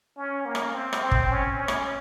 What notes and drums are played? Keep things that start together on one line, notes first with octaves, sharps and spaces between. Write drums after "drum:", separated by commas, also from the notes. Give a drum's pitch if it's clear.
C#4
A#3
drum: rim click
C4
drum: rim click
C4
drum: kick
C#4
C#4
drum: rim click